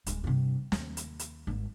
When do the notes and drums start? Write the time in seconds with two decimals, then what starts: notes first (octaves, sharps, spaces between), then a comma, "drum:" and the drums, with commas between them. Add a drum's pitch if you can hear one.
0.06 D1 G#3, drum: hi-hat
0.24 G2 C3
0.72 D#2, drum: snare
0.97 drum: hi-hat
1.19 drum: hi-hat
1.47 G#1 G#2